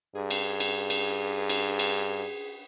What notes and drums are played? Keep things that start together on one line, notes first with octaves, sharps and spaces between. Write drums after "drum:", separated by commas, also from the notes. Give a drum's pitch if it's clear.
G2 G#4
drum: cymbal
drum: cymbal
drum: cymbal
drum: cymbal
drum: cymbal